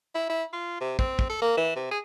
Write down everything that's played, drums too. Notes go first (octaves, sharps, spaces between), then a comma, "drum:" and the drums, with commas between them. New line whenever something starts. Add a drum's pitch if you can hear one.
E4
E4
F4
C3
C4, drum: kick
drum: kick
A4
A#3
E3
C3
G#4